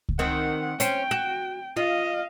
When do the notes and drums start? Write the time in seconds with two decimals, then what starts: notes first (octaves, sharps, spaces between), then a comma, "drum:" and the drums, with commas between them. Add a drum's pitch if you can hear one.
0.09 drum: kick C#2
0.19 D#3 C4 F#5
0.80 C#4 C5 G5, drum: hi-hat
1.11 F#4
1.77 F4 D#5 F5